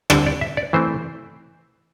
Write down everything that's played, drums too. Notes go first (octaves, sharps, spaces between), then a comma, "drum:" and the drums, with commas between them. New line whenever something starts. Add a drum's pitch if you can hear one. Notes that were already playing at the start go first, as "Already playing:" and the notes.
D3 G3 C4 D5, drum: rim click
D5
E5
D5
E3 A3 C4 C5